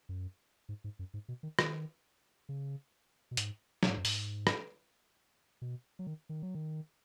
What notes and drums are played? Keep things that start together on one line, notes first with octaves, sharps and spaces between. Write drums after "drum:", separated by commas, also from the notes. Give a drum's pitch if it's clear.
F#2
G#2
G#2
F#2
G#2
B2
D#3
D#3, drum: rim click
C#3
B2
G#2, drum: hi-hat
B2, drum: snare
G#2
F#2
G#2, drum: open hi-hat
drum: rim click
B2
F#3
D#3
D#3
F#3
D#3